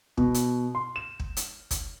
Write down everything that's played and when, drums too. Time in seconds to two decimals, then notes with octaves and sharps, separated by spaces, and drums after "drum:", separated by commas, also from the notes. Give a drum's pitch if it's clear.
0.17 B2, drum: kick
0.34 drum: hi-hat
0.75 C6
0.96 E7
1.20 drum: kick
1.37 drum: hi-hat
1.71 drum: kick, hi-hat